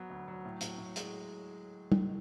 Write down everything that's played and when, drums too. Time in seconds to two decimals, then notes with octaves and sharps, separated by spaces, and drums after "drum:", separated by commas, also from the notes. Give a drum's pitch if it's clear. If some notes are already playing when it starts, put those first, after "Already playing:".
Already playing: F#3 B3
0.10 D2
0.28 F#3
0.45 A2
0.61 A2, drum: hi-hat
0.78 A2
0.96 G#3, drum: hi-hat
1.92 drum: tom